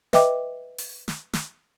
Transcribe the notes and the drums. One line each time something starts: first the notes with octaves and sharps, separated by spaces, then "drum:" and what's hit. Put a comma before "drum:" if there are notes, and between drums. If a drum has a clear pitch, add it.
B4 D#5 E5 G5 D6, drum: snare
drum: open hi-hat
drum: snare
drum: snare